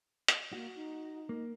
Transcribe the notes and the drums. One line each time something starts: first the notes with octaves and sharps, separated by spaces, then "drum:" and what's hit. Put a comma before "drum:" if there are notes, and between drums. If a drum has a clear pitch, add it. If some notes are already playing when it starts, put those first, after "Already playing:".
drum: hi-hat
A#3 F#4
D#4
A#3